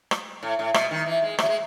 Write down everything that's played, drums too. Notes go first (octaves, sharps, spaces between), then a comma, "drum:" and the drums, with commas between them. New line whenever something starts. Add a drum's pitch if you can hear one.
drum: rim click
A2
A2
B2, drum: rim click
D#3
E3
G#3
A3, drum: rim click
F#3
G#3